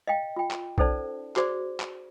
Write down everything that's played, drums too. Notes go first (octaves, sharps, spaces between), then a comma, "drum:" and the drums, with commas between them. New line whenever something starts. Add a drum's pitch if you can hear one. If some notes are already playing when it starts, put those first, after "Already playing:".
D#5 F5 G5
F4 G5
drum: clap
C#4 D#4 A4 C5 D5 A5, drum: kick B1
F#4 G#4 C5 D5, drum: clap
drum: clap